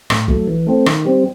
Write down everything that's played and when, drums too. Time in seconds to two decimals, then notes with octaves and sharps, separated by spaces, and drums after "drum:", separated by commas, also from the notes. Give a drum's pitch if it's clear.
0.10 A2, drum: rim click
0.28 F#3 A3, drum: kick
0.48 E3
0.67 A3 C4
0.86 D#3, drum: rim click
1.05 G3 C4